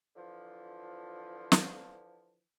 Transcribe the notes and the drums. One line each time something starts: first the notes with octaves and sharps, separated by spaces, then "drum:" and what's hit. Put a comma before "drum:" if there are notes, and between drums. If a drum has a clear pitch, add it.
D3 E3 F3
drum: snare